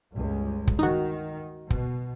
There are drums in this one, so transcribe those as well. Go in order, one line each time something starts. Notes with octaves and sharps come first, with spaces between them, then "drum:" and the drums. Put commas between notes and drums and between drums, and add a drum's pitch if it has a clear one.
G1 C#2
drum: kick
D#3 D#4 F#4
B2, drum: kick